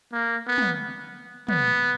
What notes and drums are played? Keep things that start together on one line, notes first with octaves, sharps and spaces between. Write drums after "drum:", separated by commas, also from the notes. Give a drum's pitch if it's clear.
A#3
B3
drum: tom
B3, drum: tom